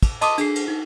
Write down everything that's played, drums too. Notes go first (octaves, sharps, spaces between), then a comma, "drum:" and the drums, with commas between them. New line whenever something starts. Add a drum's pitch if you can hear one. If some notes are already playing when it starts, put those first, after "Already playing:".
drum: kick, cymbal
D#5 A5 C6 D6 D#6 D#7, drum: cymbal
D4 G#4 C7, drum: cymbal
drum: cymbal
D#4